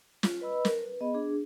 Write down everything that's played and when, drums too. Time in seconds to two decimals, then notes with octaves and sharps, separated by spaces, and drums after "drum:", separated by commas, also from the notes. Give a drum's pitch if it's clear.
0.23 F4, drum: snare
0.41 B4 D#5 B5 E6
0.65 A#4, drum: snare
0.81 B4
1.01 B3 G#4 D#5 B5
1.14 D4 G#4